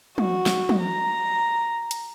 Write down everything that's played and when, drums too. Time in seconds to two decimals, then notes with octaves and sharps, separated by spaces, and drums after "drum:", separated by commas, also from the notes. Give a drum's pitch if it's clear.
0.18 F#4, drum: tom
0.46 drum: snare
0.69 drum: tom
0.80 A#5
1.91 drum: hi-hat